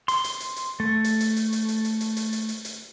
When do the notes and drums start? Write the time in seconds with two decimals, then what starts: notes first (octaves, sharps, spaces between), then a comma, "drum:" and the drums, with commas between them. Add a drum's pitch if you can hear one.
0.08 C6, drum: hi-hat
0.24 drum: hi-hat
0.40 drum: hi-hat
0.56 drum: hi-hat
0.80 A3
1.04 drum: hi-hat
1.20 drum: hi-hat
1.36 drum: hi-hat
1.52 drum: hi-hat
1.68 drum: hi-hat
1.84 drum: hi-hat
2.01 drum: hi-hat
2.17 drum: hi-hat
2.33 drum: hi-hat
2.49 drum: hi-hat
2.65 drum: hi-hat